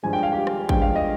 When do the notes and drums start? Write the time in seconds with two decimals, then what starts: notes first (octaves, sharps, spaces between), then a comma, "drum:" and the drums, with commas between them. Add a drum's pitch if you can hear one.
0.03 G2 F3 G#3 G#5
0.13 G5
0.23 F5
0.32 G4 G5
0.47 drum: rim click
0.69 G2 F3 G#3 G5, drum: kick A1
0.82 F5
0.96 D#5